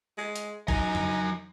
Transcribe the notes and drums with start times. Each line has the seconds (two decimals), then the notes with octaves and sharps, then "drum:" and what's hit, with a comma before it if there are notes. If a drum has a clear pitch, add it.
0.18 G#3
0.36 drum: hi-hat
0.68 F#3 D#4 G#5, drum: kick G#1
0.95 drum: tom F2